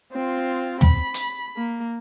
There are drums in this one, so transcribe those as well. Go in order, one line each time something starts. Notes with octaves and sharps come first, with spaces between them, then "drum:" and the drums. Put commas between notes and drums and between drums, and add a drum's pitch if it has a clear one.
C4 F4
B5, drum: tom
drum: hi-hat
A#3